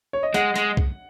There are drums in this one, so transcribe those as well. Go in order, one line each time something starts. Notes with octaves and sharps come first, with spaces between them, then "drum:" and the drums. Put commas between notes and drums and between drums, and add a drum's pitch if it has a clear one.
C#5
D#5
G#3 F#5, drum: hi-hat
G#3, drum: hi-hat
drum: kick